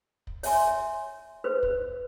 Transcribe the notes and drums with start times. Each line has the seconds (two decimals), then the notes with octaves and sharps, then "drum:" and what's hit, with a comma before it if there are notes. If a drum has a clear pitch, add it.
0.27 drum: kick
0.43 C#5 E5 G#5 C6, drum: open hi-hat
1.44 B4 C5
1.63 drum: kick